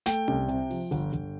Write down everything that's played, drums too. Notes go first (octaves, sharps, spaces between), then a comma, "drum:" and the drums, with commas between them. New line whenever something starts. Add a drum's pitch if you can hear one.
A3 G5, drum: snare
C2, drum: tom C#4
C3, drum: hi-hat
F3, drum: open hi-hat
G1, drum: hi-hat
G1, drum: hi-hat